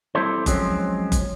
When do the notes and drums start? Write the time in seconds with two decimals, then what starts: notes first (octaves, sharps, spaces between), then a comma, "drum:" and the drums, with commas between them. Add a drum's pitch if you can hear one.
0.15 G3 C4 E4 A4 C5
0.46 F3 F#3 G#3 C4 C#4, drum: kick F#1, hi-hat
1.12 drum: kick F#1, hi-hat